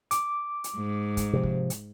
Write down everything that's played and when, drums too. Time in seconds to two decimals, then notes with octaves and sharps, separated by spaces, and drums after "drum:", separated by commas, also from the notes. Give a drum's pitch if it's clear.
0.11 D6, drum: hi-hat
0.64 drum: hi-hat
0.76 G#2
1.17 drum: kick, hi-hat
1.33 C3 F3
1.43 drum: kick
1.70 drum: hi-hat